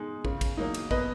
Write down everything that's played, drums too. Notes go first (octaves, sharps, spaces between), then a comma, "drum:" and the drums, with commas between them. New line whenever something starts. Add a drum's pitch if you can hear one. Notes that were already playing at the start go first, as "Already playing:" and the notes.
Already playing: B2 G#3 D#4
C#3, drum: kick
drum: kick, cymbal
F#3 A#3 D#4
drum: cymbal
B2 B4 D#5, drum: kick